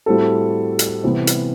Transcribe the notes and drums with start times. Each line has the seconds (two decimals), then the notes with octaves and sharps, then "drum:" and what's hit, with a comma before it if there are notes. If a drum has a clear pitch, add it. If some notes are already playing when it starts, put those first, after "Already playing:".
0.06 A2 G3 C4 F#4 A4
0.79 drum: hi-hat
1.04 C3 E3 G3 B3
1.27 drum: hi-hat